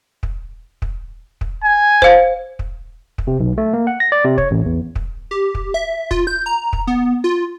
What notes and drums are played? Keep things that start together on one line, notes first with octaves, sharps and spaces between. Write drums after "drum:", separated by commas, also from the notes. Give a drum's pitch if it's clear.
drum: kick
drum: kick
drum: kick
G#5
C5 F5, drum: kick
drum: kick
drum: kick
C3
B1
A3
A#3
F#5
A#6
D5
C3
C#5, drum: kick
A1
E2
drum: kick
G4
drum: kick
E5
F4, drum: kick
G6
A#5
drum: kick
B3
F4